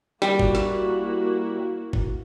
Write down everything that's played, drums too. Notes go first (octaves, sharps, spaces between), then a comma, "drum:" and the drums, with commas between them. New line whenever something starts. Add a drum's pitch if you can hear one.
G3 A#3 E4 F#4, drum: snare
drum: kick
drum: snare
drum: kick